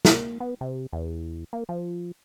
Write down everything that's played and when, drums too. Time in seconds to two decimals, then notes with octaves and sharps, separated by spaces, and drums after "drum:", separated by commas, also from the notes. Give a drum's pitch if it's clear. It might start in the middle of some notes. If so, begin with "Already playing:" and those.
0.05 A#3, drum: snare
0.40 B3
0.61 C3
0.93 E2
1.53 A#3
1.69 F3